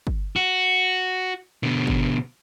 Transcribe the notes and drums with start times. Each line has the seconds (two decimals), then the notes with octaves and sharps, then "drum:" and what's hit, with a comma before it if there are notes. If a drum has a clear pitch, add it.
0.07 drum: kick
0.36 F#4
1.63 B2 D3
1.87 drum: kick